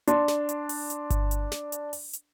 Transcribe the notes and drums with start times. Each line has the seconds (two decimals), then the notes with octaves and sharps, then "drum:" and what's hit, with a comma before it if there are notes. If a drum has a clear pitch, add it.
0.07 D4 C6, drum: hi-hat
0.28 drum: snare
0.49 drum: hi-hat
0.69 drum: open hi-hat
0.90 drum: hi-hat
1.10 drum: kick G1, hi-hat
1.31 drum: hi-hat
1.52 drum: snare
1.72 drum: hi-hat
1.93 drum: open hi-hat
2.13 drum: hi-hat